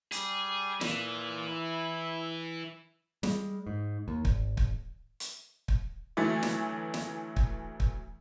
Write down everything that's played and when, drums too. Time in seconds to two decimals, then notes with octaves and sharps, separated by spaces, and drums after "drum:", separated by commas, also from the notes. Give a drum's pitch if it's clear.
0.12 G3 G#4, drum: hi-hat
0.81 A#2 E3, drum: snare
1.49 E4
3.23 G3 G#3, drum: snare
3.67 G#2
4.08 D#2
4.25 G#1, drum: kick
4.57 drum: kick
5.20 drum: hi-hat
5.68 drum: kick
6.17 D2 E3 F#3 A3
6.43 drum: snare
6.94 drum: snare
7.36 drum: kick
7.80 drum: kick